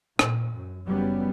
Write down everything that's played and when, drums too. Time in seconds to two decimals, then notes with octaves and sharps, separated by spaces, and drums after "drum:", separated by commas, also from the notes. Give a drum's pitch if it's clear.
0.19 A#2, drum: rim click
0.56 F#2
0.87 F#1 F#3 G3 B3 C#4